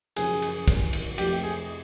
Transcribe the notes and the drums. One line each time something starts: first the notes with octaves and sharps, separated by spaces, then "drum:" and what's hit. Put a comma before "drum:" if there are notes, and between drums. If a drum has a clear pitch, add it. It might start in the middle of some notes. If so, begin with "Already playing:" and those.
F#2 C#3 F3 G#4, drum: cymbal
drum: cymbal
drum: kick, cymbal
drum: cymbal
F2 C3 F3 A3 G4, drum: cymbal
G#4